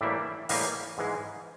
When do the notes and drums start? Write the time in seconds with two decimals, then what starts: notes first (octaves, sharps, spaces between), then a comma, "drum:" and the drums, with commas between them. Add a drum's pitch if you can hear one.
0.01 A2 E3 G3 A#3 D5 E5
0.49 A2 E3 G3 A#3 D#5 F5, drum: open hi-hat
0.98 G#2 E3 G#3